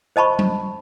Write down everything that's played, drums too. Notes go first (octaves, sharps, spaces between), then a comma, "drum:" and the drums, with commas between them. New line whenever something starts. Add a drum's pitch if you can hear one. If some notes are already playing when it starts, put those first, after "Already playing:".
C5 D#5 A5 B5 C#6
drum: tom F#3